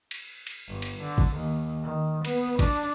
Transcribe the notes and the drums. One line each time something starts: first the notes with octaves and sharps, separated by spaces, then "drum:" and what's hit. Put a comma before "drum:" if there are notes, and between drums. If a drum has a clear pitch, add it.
drum: cymbal
drum: cymbal
G1
drum: cymbal
D3
drum: kick
D#2
D#3
B3, drum: cymbal
D4, drum: kick, cymbal